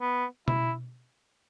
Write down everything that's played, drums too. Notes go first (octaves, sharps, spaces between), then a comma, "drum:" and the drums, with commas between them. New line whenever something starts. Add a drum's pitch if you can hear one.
B3
E4, drum: tom B2